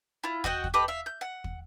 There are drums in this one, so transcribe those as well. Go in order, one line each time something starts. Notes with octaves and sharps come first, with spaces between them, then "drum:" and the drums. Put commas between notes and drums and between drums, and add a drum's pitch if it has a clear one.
E4 F4
F#4 D#5 F#5 G5, drum: kick
drum: kick
G4 A4 B4 D#5
E5 F5
G6
F#5
drum: kick